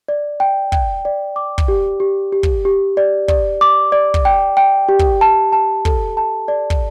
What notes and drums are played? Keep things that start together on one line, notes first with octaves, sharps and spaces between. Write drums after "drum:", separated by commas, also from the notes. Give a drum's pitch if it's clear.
D5
G5
G5, drum: kick
D5
D6
drum: kick
G4
G4
G4
drum: kick
G4
D5
D5, drum: kick
D6
D5
drum: kick
G5
G5
G4
drum: kick
A5
A5
A4, drum: kick
A5
D5
drum: kick